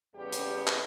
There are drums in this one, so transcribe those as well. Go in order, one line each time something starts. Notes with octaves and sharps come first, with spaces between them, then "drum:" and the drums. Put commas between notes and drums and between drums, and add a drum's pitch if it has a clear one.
E2 C#3 G3 B3 G4
drum: hi-hat
drum: clap